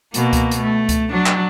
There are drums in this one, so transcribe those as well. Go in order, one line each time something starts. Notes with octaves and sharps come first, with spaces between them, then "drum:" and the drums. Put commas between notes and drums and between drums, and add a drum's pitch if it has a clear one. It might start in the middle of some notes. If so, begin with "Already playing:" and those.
B2 A#3, drum: hi-hat
drum: kick C#2, hi-hat
drum: hi-hat
A3
drum: kick C#2, hi-hat
F#3 D4
drum: clap